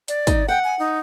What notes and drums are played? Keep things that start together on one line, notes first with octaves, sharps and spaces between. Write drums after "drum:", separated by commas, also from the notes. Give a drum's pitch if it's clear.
D5, drum: hi-hat
D#4, drum: kick, hi-hat
F#5 G5
G#5
D#4